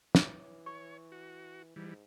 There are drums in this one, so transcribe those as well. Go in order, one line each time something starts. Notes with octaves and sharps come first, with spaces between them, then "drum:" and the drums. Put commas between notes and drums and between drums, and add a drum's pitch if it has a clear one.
E3 C#5 D6, drum: snare
C#5 C#6
F#4
G#2 E3 G3